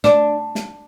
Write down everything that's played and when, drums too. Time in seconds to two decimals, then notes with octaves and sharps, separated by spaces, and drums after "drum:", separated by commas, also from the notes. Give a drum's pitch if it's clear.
0.04 D4, drum: snare
0.55 drum: snare